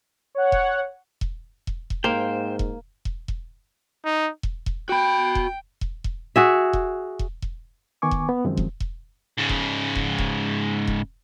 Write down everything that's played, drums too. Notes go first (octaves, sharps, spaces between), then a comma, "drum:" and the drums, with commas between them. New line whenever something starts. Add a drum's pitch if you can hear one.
C#5 F#5
drum: kick E1
drum: kick E1
drum: kick E1
drum: kick E1
G#2 A#3 C5 G5
drum: kick E1
drum: kick E1
drum: kick E1
D#4
drum: kick E1
drum: kick E1
F#4 G5 B5
drum: kick E1
drum: kick E1
drum: kick E1
F#4 G#4 E5
drum: kick E1
drum: kick E1
drum: kick E1
D#3 B3 G#5 C#6 D6
drum: kick E1
B3
F#2 D#3 F3 G#3 C4
drum: kick E1
drum: kick E1
G#2 C#3
drum: kick E1
drum: kick E1
drum: kick E1
drum: kick E1